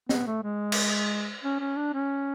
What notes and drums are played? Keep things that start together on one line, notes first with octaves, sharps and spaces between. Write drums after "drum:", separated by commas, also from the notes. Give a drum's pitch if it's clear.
B3, drum: snare
A3
G#3
drum: cymbal
C#4
C#4
D4
C#4